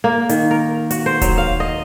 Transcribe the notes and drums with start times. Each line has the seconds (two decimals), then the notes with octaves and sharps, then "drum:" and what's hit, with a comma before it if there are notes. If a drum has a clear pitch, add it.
0.04 A#3
0.29 D#3, drum: hi-hat
0.51 A#4
0.91 F#4, drum: hi-hat
1.06 C5
1.21 F#3, drum: kick D#1, hi-hat
1.38 F5
1.60 D#5